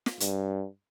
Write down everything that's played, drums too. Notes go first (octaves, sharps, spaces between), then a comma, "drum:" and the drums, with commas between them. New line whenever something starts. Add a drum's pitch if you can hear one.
drum: snare
G2, drum: hi-hat